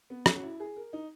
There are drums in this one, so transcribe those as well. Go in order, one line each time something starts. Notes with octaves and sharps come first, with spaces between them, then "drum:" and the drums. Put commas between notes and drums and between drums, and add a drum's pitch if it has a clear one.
B3
C#4, drum: rim click
F#4
E4
G#4
A#4
D#4